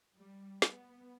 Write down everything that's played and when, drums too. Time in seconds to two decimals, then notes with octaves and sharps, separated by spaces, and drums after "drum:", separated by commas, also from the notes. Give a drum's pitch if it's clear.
0.16 G3
0.62 B3, drum: snare